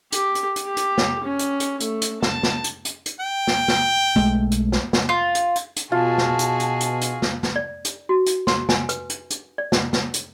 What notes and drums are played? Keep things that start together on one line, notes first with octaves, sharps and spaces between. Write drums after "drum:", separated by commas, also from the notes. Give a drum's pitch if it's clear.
G4, drum: hi-hat
drum: hi-hat
drum: hi-hat
G4
drum: hi-hat
drum: snare
C#4
drum: hi-hat
drum: hi-hat
A3, drum: hi-hat
drum: hi-hat
A5, drum: snare
drum: snare
drum: hi-hat
drum: hi-hat
drum: hi-hat
G5
drum: snare
drum: snare
B1 G#3 A3
drum: hi-hat
drum: snare
drum: snare
F4
drum: hi-hat
drum: hi-hat
drum: hi-hat
B2 F4 F#4 G#4 A5
drum: snare
drum: hi-hat
drum: hi-hat
drum: hi-hat
drum: hi-hat
drum: snare
drum: snare
D5
drum: hi-hat
F#4
drum: hi-hat
C6, drum: snare
G#5, drum: snare
B4, drum: hi-hat
drum: hi-hat
drum: hi-hat
D5
drum: snare
drum: snare
drum: hi-hat